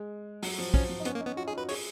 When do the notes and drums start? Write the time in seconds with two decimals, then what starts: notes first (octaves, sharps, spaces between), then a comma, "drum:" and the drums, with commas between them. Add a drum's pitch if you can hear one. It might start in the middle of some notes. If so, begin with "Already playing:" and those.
Already playing: G#3
0.43 F#3, drum: open hi-hat
0.58 F3
0.74 F3 C#4, drum: kick
0.89 F3
1.00 D#4
1.05 B3 C#4, drum: hi-hat
1.15 A#3
1.20 D#4
1.26 B3
1.37 F4 F#4
1.47 D#4 G#4
1.57 F#4 B4
1.69 G#4 C#5, drum: open hi-hat